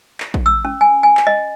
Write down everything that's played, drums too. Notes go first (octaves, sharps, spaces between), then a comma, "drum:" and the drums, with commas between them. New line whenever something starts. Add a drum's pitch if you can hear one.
drum: clap
drum: kick A1
E6
C#4
G#5
G#5
drum: clap
D#5